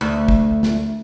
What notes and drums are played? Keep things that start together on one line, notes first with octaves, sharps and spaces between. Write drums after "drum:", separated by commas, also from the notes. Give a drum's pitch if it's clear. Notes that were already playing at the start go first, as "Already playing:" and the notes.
D2
drum: kick
drum: snare